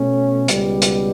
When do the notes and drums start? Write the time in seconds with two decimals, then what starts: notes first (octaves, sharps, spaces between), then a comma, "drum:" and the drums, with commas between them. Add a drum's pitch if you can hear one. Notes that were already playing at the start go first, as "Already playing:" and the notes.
Already playing: B2 A3 C#4
0.48 C#2 B2 G3, drum: hi-hat
0.82 drum: hi-hat